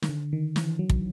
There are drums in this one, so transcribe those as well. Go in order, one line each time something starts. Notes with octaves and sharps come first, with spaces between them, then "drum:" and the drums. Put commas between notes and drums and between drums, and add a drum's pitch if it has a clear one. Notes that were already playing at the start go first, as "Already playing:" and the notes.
D#3, drum: snare
D3
D#3
E3, drum: snare
F#3
drum: kick